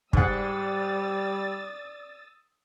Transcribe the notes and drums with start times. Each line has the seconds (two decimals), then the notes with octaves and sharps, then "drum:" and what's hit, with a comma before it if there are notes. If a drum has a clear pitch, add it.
0.13 G#2 G3 G#4 D5 F#5 D#6 E6 A6, drum: kick